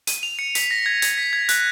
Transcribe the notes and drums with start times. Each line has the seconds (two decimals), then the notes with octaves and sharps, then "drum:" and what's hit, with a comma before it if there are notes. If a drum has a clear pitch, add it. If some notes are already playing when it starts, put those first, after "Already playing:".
0.07 D#7, drum: hi-hat
0.23 F7
0.39 C#7
0.55 B6, drum: hi-hat
0.71 A#6
0.86 G#6
1.02 G#6, drum: hi-hat
1.18 B6
1.33 G#6
1.49 F#6, drum: hi-hat